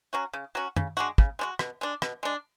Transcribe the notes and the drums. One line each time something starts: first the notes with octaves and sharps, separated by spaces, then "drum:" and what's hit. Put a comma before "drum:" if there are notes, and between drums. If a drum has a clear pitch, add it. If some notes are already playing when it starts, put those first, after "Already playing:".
F#3 C#4 F#4
C#3
F#3 C#4 F#4
C#3, drum: tom F#2
G#3 D4 F#4
C#3, drum: kick
G#3 D4 F#4
B2, drum: rim click
G#3 D4
B2, drum: rim click
G#3 D4